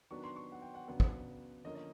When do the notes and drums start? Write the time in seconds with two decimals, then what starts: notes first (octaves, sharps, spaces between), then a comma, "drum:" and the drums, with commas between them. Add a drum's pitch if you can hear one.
0.10 D#3 F#3 B3 D4 C#6
0.24 C6
0.36 C#6
0.52 F#5
0.62 G5
0.75 F#5
0.88 C#3 F#3 B3 D4 F#5
1.00 drum: kick
1.64 D3 F3 A#3 C#4 D#5
1.75 D#5